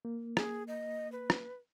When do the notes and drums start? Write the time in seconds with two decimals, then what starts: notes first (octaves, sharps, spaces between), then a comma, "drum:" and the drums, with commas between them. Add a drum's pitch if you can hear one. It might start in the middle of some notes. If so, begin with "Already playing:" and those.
0.05 A#3
0.37 G#4, drum: rim click
0.68 D#5
1.12 B4
1.30 drum: rim click